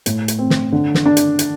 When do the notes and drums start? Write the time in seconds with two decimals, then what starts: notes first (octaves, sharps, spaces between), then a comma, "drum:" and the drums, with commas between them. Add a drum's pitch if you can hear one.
0.06 A2, drum: hi-hat
0.28 drum: hi-hat
0.39 C4
0.50 drum: snare
0.72 D3
0.94 drum: snare
1.05 D4
1.17 drum: hi-hat
1.39 drum: hi-hat